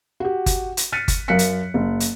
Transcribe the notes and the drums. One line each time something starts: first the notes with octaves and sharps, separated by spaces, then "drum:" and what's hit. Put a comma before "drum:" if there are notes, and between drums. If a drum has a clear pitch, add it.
F#4 G4
drum: kick G1, hi-hat
drum: hi-hat
F6 F#6 A6 B6 C#7 D#7
drum: kick G1, hi-hat
F#2 A#4 F5 F#6 B6 C#7
drum: hi-hat
F#1
drum: hi-hat